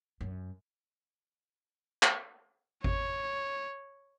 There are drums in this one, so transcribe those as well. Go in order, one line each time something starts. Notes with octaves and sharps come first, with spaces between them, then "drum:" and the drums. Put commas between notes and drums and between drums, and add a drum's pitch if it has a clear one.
F#2
drum: clap
C#5, drum: kick G#1